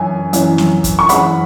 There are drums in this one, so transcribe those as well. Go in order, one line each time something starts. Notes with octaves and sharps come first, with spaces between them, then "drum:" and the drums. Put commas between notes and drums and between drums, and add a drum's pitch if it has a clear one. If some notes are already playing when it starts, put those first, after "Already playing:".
Already playing: F#2 E3 G#5
F#2 E3 C#4, drum: hi-hat
drum: snare
drum: kick, hi-hat
C#6
F#2 E3 G#3 C#4 F#5 B5, drum: hi-hat